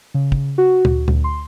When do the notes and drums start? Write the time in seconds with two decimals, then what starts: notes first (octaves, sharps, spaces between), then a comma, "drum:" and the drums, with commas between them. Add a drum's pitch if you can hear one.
0.14 C#3
0.32 drum: kick
0.58 F#4
0.85 D2, drum: tom
1.08 D2, drum: tom
1.24 C6